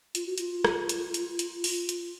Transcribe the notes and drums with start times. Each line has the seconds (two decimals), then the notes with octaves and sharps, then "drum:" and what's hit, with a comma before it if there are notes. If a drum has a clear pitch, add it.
0.15 F4, drum: hi-hat
0.26 F#4
0.38 F4, drum: hi-hat
0.64 drum: rim click
0.89 drum: hi-hat
1.14 drum: hi-hat
1.39 drum: hi-hat
1.64 drum: open hi-hat
1.89 drum: hi-hat